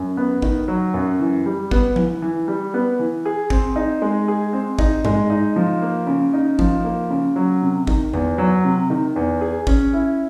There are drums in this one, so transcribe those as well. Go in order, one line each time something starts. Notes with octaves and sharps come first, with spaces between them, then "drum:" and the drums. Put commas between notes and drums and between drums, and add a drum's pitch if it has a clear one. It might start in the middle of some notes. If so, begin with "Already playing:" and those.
Already playing: F#2
B3
D#3, drum: kick G#1
F#3
F#2
E3
G3
B3, drum: kick G#1
E3, drum: tom F3
E3
G3
B3
E3
G#4
C4, drum: kick G#1
D#4
G#3
G#4
C4
D#4, drum: kick G#1
G#3, drum: tom G2
D#4
F3
A#3
C#3
D#4
F3, drum: kick G#1
A#3
C#3
F#3
C3
D#3, drum: kick G#1
E2, drum: tom F#2
F#3
C3
D#3
E2
G#4
C#4, drum: kick G#1
E4